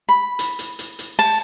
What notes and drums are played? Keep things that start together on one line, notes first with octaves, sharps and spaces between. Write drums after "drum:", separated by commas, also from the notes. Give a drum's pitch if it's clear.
B5
drum: hi-hat
drum: hi-hat
drum: hi-hat
drum: hi-hat
A5, drum: open hi-hat